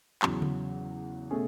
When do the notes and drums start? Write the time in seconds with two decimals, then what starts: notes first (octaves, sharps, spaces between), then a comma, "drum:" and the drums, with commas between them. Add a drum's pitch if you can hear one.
0.22 E2 C#3 F#3, drum: clap
0.42 drum: tom C#3
1.31 B2 A3 C#4 G#4